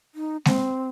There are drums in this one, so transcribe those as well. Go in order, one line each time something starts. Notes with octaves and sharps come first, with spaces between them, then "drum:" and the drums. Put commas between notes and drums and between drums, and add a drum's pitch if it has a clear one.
D#4
C4, drum: snare G#3